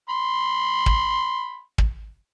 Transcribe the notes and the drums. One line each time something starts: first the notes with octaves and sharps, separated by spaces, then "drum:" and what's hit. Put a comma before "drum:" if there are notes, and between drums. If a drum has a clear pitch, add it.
B5 C6
drum: kick
drum: kick